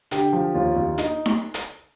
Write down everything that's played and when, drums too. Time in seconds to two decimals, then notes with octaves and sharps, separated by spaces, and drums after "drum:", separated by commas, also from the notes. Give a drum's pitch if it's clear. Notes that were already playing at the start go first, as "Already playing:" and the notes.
0.11 D3 G4, drum: hi-hat
0.33 F3
0.54 D#2 F4
0.76 D#2
0.98 D#4, drum: hi-hat
1.26 drum: snare D#4
1.54 drum: hi-hat